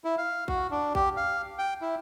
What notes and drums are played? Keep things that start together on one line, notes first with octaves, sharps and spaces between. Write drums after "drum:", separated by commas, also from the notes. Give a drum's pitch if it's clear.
E4
F5
F#4, drum: kick A#1
D4
G4, drum: kick A#1
F5
G5
E4